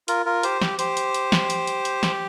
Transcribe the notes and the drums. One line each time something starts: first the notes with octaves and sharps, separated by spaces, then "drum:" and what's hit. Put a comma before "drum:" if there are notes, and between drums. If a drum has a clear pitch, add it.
F4 A#4, drum: hi-hat
F4 A#4
G4 C5, drum: hi-hat
G4, drum: snare
G4 C5, drum: hi-hat
drum: hi-hat
drum: hi-hat
drum: snare
drum: hi-hat
drum: hi-hat
drum: hi-hat
drum: snare